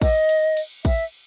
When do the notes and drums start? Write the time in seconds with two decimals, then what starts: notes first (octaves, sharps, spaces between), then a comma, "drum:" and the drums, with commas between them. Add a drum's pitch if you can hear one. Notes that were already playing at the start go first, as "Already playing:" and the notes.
0.02 D#5, drum: kick, cymbal
0.29 drum: cymbal
0.57 drum: cymbal
0.85 E5, drum: kick, cymbal